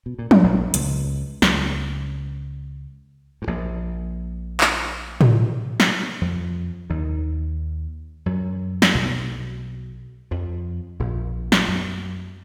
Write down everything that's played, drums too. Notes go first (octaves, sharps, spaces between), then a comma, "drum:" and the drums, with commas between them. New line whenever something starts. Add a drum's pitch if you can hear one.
B2
A#2
G#2, drum: tom F3
A#1 A#2
C#2 C#3, drum: hi-hat
C#2 C#3, drum: snare
G#2
A#1 A#2
drum: clap
drum: tom A2
drum: snare
F2 F3
D#2 D#3
F#2 F#3
drum: snare
B1 B2
F2 F3
A#1 A#2
drum: snare
F#2